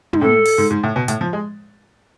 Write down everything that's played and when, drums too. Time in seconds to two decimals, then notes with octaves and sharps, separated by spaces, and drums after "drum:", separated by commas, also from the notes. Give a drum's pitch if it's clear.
0.13 G#2, drum: tom
0.22 A2 A4
0.45 drum: open hi-hat
0.58 G#2
0.70 G#2
0.83 A2
0.96 B2
1.08 A2, drum: hi-hat
1.21 F3
1.33 G#3